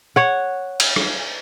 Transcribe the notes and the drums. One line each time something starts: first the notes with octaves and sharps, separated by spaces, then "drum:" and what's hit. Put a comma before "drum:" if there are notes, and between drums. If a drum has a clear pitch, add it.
C#5 F#5
drum: cymbal
drum: rim click